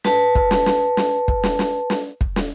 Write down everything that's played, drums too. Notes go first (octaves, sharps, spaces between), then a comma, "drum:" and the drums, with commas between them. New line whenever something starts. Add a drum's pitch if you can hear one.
B4 A5, drum: snare
drum: kick
drum: snare
drum: snare
drum: snare
drum: kick
drum: snare
drum: snare
drum: snare
drum: kick
drum: snare